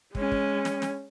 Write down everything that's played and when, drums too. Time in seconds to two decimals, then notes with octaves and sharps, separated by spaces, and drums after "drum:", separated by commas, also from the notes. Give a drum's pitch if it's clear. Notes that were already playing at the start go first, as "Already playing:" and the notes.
0.15 G#3 C#4, drum: kick
0.32 drum: kick
0.65 drum: snare
0.82 drum: snare